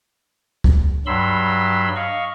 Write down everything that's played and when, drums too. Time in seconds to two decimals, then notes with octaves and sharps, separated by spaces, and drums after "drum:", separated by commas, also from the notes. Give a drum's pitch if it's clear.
0.64 drum: kick C#2
1.06 G2 F#3 B5 C6 E6
1.96 D#5 F5 C#6